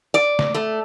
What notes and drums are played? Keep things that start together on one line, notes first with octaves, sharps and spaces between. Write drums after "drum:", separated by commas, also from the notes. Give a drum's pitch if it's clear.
D5
drum: snare
A3